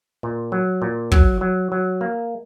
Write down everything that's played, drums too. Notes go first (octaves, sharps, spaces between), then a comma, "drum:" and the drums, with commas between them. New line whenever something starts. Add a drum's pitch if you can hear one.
A#2
F#3
A#2
F#3, drum: kick
F#3
F#3
A#3